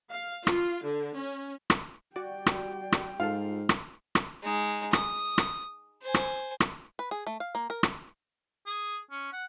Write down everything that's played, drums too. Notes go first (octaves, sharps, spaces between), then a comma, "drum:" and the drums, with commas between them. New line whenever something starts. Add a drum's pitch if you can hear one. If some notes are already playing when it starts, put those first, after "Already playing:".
F5
F4, drum: rim click
D3
C#4
drum: rim click
G3 F#4 D5 G5
drum: rim click
drum: rim click
G#2 F4 A4 F5
drum: rim click
drum: rim click
G#3 D#4
D#6, drum: rim click
drum: rim click
C5 G#5
drum: rim click
drum: rim click
B4
G#4
A3
F5
A#3
A#4
drum: rim click
G#4
C#4
F#5